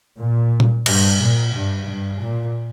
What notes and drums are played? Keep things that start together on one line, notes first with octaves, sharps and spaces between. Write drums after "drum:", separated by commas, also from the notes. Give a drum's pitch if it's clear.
A#2
drum: tom
G2, drum: cymbal
A#2
G2
G2
A#2